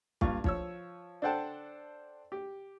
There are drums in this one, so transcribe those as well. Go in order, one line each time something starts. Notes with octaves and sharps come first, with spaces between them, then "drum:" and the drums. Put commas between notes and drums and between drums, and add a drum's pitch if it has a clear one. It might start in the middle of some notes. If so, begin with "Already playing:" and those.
G2 A#2 F4 C#6, drum: kick
F3 C#5 E6, drum: kick
D4 A4 C5 F#5 G5 A5
G4